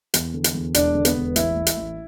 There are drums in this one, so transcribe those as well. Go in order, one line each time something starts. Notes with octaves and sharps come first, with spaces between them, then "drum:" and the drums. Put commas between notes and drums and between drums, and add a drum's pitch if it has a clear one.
E2, drum: hi-hat
D3
drum: hi-hat
E2
E1 D4 D5, drum: hi-hat
D3
B3 B4, drum: hi-hat
E1
A1 E4, drum: hi-hat
A1
drum: hi-hat
A1